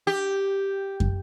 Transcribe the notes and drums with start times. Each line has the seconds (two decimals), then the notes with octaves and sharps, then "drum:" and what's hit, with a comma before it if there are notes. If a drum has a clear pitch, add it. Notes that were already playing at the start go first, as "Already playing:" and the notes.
0.07 G4
1.00 drum: kick